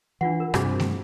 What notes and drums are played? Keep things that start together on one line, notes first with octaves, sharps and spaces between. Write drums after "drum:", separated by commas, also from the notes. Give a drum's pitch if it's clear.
E3 D4 F4 F#5
A#4
G2 C3 F#4 G#4, drum: rim click
drum: snare A3